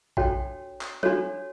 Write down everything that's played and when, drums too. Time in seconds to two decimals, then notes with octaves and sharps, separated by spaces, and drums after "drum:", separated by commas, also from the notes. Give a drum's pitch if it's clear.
0.17 D4 F#4 A4 C#5 G5, drum: kick
0.81 drum: clap
1.03 D4 F#4 A4 C#5, drum: tom F#3